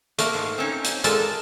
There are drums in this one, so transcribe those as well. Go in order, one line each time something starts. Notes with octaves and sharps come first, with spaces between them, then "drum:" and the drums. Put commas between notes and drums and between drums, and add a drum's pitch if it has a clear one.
A3 A#3 A#4, drum: hi-hat
G#2 G#3
C4 C#4 D#4
drum: hi-hat
G#3 F4 A4 A#4 D5, drum: hi-hat